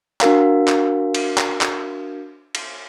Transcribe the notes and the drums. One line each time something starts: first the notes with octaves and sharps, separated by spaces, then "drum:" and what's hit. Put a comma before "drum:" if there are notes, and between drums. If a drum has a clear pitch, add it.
D4 F#4 A#4 F5, drum: clap
drum: clap
drum: cymbal
drum: clap
drum: clap
drum: cymbal